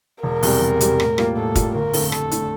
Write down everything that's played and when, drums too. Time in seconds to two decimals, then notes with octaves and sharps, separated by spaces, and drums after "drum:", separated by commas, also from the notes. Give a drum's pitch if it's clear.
0.23 E1 A#4
0.43 E2 C3 G3, drum: open hi-hat
0.61 E1
0.80 E2 C3 G3, drum: hi-hat
1.00 A2, drum: rim click
1.18 G3 A#3 F4, drum: rim click
1.37 A2 A4
1.55 G3 A#3 F4, drum: kick, hi-hat
1.75 G1 A#4
1.93 F2 D3 A3, drum: open hi-hat
2.12 G1 A4, drum: rim click
2.31 D3 A3, drum: hi-hat